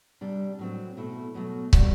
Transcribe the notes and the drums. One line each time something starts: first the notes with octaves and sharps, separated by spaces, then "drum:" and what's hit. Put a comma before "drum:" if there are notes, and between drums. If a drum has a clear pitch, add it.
C3 G3 D4
A2 F#3 C4
B2 A3 E4
E2 B2 F#3 A3
C3 G3 D4 F#4, drum: kick